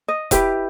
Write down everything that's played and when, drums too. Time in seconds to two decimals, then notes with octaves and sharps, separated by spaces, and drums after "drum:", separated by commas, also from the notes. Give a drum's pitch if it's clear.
0.08 D#5
0.31 E4 G4 B4, drum: kick E1, hi-hat